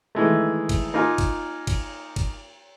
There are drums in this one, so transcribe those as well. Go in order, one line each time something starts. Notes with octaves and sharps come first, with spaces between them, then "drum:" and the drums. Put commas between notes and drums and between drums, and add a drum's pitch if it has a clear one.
D#3 E3 G#3 A3
drum: kick G1, cymbal
A#3 D#4 F4 A#4 G#5
drum: kick G1, cymbal
drum: kick G1, cymbal
drum: kick G1, cymbal